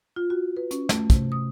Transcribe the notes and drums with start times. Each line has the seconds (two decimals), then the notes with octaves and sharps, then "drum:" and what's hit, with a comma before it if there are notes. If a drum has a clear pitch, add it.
0.16 F4
0.30 F#4
0.57 B4
0.71 C#4, drum: hi-hat
0.89 A3, drum: snare
1.10 C3, drum: kick, hi-hat
1.32 D#6